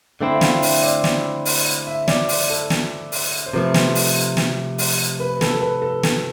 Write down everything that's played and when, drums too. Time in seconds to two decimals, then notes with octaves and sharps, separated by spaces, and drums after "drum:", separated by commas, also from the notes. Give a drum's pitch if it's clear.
0.21 D3 A3 C4 E4
0.35 F5
0.41 E5, drum: snare
0.62 D5, drum: open hi-hat
0.83 D5
1.04 drum: snare
1.45 drum: open hi-hat
1.87 E5
2.08 D5, drum: snare
2.29 drum: open hi-hat
2.50 A4
2.70 drum: snare
3.12 drum: open hi-hat
3.46 C5
3.54 C3 F3 A3 B4
3.74 drum: snare
3.95 drum: open hi-hat
4.37 drum: snare
4.78 drum: open hi-hat
5.20 B4
5.41 A4, drum: snare
5.55 A4
5.61 B4
5.82 A4
6.03 A4, drum: snare